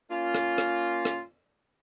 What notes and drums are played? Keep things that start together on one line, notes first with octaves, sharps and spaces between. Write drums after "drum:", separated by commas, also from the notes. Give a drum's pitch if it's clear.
A#3 C#4 F4
drum: rim click
drum: rim click
drum: rim click